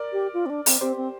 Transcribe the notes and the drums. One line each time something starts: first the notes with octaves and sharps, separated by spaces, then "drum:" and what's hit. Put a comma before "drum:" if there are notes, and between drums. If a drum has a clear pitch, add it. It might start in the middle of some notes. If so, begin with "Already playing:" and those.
Already playing: A#4 D5
G4
F4
C4
D4
C4, drum: open hi-hat
C4 G4 C5
C4